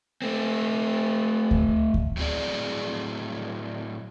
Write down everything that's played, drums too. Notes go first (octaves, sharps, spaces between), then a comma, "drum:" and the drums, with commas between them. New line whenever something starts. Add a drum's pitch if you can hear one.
A3 C4
drum: kick D2
drum: kick D2
A2 F#3 C4 G#4 D5